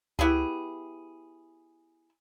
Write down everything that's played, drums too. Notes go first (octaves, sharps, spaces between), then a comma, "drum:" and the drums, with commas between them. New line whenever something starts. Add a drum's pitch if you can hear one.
B3 E4 G4 G#4, drum: tom C#2